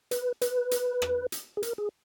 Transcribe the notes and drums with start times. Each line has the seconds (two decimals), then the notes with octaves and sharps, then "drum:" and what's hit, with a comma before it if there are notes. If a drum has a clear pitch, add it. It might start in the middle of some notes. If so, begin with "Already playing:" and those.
0.11 B4, drum: hi-hat
0.41 B4, drum: hi-hat
0.71 drum: hi-hat
1.02 drum: rim click
1.32 drum: hi-hat
1.57 G#4
1.63 A#4, drum: hi-hat
1.78 G#4